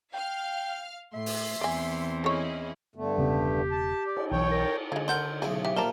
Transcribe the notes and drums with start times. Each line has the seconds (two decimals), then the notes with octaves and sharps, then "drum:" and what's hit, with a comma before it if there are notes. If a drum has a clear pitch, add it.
0.14 F5 G5 F6
1.14 A2 E5 C6
1.26 drum: open hi-hat
1.61 E2 E3 C4 D5 G#5
2.24 C#4 E4 G#4 A4 C#5 D#5
2.96 G2 D3 A3 B3
3.18 E1 C#3 B3 G4
3.71 A5
4.06 D5
4.17 drum: cymbal
4.31 B1 E3 C#5 G5
4.51 A#4
4.92 D3 G#3 F4 G#6
5.08 A4 A#4 F#5 C6 C#6 G6 G7, drum: snare
5.42 B1 C#3 A3 E4 G#4
5.65 E3 G4 E5
5.76 A#2 F3 G3 D4 A#4 A5 A#5